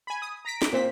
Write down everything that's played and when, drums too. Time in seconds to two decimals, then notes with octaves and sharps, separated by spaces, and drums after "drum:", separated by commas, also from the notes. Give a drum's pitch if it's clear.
0.07 G#5 B5
0.22 D#6
0.45 A#5 A#6 B6 D7
0.62 drum: snare
0.73 A#2 C4 B6